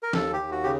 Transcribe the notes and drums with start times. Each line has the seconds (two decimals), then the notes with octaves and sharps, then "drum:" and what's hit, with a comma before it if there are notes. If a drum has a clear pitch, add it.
0.03 A#4
0.13 D#2 A4, drum: snare
0.33 G4
0.39 D#2
0.52 F#4
0.64 C#3 G4